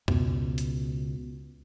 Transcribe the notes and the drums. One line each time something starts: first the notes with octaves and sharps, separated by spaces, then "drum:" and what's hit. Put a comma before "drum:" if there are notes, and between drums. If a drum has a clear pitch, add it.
C#2 B2, drum: tom F2
drum: hi-hat